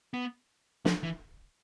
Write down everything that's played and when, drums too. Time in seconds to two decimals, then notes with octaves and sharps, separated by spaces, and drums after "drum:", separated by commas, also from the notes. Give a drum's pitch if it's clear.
0.14 B3
0.85 F3, drum: snare
1.03 E3